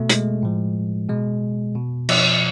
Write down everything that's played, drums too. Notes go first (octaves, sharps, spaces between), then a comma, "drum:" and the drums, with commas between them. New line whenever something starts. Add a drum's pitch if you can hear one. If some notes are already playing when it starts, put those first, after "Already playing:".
Already playing: B2 A3
G#3, drum: hi-hat
A2 F3
B2 G#3
B2
F3, drum: cymbal